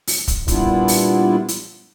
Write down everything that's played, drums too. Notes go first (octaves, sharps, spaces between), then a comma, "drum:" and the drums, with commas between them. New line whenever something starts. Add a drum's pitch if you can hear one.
drum: open hi-hat
drum: kick, hi-hat
A#2 G3 B3 D4 E4 F4, drum: kick, hi-hat
drum: open hi-hat
drum: hi-hat